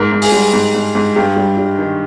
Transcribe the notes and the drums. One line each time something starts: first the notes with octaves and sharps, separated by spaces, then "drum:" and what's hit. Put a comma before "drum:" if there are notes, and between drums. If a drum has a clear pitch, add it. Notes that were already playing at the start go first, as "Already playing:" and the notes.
Already playing: G#2 A#4
G#2
G#4, drum: open hi-hat
G3
G#2
G#2
G#2
G2 G4
G3
G3
D#3